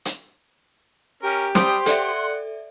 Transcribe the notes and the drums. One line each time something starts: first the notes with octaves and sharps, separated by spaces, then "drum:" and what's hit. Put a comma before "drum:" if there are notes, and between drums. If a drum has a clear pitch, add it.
drum: hi-hat
C#4 G4 A#4
G3 C5 G5 C6 D#6, drum: snare
A4 D5 E5 F#5, drum: hi-hat